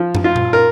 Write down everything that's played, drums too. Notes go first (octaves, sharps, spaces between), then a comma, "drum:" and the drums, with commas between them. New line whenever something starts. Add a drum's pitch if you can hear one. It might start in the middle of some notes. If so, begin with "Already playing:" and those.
Already playing: F3
drum: tom
F4
drum: tom A#2
A#4